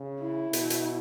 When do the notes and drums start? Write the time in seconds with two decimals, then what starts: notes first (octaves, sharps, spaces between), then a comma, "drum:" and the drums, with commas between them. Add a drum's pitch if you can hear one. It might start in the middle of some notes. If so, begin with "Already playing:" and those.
Already playing: C#3
0.20 E4
0.53 B2, drum: hi-hat
0.70 drum: hi-hat